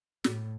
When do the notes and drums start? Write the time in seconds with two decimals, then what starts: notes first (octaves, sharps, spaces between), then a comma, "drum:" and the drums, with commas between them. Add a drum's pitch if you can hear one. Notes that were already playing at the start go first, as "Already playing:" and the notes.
0.24 A2, drum: snare